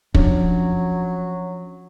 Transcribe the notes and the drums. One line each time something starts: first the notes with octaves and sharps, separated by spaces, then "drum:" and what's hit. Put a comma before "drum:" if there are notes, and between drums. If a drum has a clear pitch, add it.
F3 F#3 C#4 D4, drum: kick